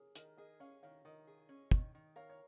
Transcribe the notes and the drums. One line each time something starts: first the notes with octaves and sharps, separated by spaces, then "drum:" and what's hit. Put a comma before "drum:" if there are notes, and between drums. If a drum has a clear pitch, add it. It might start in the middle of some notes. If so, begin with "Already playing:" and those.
Already playing: G#4 A#4 C#5
D#3 A#4 D#5, drum: hi-hat
G#4 A#4 D#5
C#4 C#5 F5
D#3 C#5 F5
D#3 A#4 D#5
G#4
C#4
D#3, drum: kick
D#3
A#4 C#5 F5
C#5